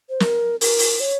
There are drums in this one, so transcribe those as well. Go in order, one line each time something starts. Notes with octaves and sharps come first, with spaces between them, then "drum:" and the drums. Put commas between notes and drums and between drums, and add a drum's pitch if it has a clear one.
C5
A#4, drum: snare
A#4, drum: open hi-hat
drum: open hi-hat
C#5